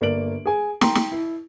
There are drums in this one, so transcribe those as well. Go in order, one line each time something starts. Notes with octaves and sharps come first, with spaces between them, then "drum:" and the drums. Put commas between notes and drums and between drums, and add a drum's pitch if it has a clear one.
G1 A#3 D5 D7 F#7
G#4 G#5
G5 A#5 C6, drum: snare
drum: snare
E4